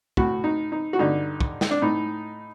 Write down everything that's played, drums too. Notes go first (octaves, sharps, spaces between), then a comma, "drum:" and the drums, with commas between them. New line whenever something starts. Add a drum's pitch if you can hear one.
A2 F#4, drum: kick
D#4
D#4
F#4
G2 D3 D#4
drum: kick
drum: snare
D4
A2 D#4